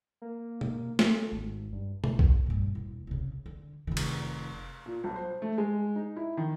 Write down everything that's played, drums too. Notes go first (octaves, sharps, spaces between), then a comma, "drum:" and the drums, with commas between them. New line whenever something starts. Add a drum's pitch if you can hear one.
A#3
drum: tom B2
A3, drum: snare
G#1
G2
A1, drum: tom B2
drum: kick B1
G2 A#2
E1
C2 C#3
D3
F1 D#3
drum: cymbal
A#2
B1
C5
A3
G#3
D#4
E4
D#3